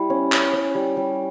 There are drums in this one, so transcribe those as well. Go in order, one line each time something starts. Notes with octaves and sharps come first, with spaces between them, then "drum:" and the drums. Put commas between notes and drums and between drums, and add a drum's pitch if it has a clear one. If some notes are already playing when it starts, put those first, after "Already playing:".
Already playing: G3 E4
C#4
C#4, drum: clap
C#4
G3
G3